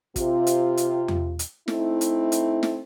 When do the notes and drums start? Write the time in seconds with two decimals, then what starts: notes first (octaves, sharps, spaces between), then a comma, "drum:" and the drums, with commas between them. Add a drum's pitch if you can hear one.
0.16 C3 F4, drum: kick, hi-hat
0.47 drum: hi-hat
0.77 drum: hi-hat
1.08 drum: tom E2
1.39 drum: hi-hat
1.68 A3 C4 D#4 E4, drum: snare
2.01 drum: hi-hat
2.32 drum: hi-hat
2.63 drum: snare